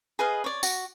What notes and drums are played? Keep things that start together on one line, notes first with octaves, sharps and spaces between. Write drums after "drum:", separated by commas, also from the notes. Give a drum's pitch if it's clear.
G#4 B4 D#5 F5
C#5 D5
F#4, drum: tambourine